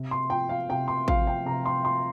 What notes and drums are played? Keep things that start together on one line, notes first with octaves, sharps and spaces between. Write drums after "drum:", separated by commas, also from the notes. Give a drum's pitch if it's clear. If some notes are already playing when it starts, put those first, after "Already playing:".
Already playing: C3
C6
F3 G5
F5
C3 G5
C6
F3 F5, drum: kick A1
G5
C3 A#5
C6
F3 C6